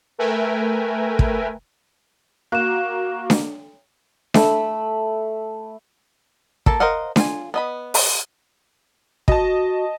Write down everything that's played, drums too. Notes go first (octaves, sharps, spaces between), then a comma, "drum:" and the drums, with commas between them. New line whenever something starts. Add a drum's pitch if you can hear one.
A3 A#4 B4 E5 G5 G#5
drum: kick
A#3 F#4 F#6 E7
drum: snare D4
A3 B5 E6, drum: snare D4
A#3 A4 A5, drum: kick
A#4 C5 D#5 F5 F#5
F4 G#5, drum: snare D4
B3 D#5 B5
drum: open hi-hat
F#4 D#5 A5, drum: kick